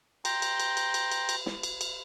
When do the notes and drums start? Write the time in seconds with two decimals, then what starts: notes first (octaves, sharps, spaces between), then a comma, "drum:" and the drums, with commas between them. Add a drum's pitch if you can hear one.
0.25 G5 A#5 C6, drum: cymbal
0.42 drum: cymbal
0.60 drum: cymbal
0.77 drum: cymbal
0.94 drum: cymbal
1.11 drum: cymbal
1.29 drum: cymbal
1.46 drum: snare
1.63 drum: cymbal
1.81 drum: cymbal